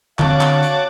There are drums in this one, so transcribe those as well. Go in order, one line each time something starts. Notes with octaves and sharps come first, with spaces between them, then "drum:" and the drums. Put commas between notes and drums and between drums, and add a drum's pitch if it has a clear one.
D3 C4 F#4 C#5 F5 A5 D6, drum: clap
drum: clap
drum: hi-hat